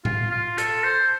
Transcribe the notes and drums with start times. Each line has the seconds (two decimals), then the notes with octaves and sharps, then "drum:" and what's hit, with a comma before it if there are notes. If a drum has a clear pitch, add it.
0.05 F4, drum: tom A2
0.31 F4
0.58 A4, drum: hi-hat
0.84 C5